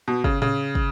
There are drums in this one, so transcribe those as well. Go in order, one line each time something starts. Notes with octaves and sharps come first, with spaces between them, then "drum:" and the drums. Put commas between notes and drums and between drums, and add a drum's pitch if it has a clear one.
B2
C#3, drum: kick
C#3, drum: tom A2
drum: kick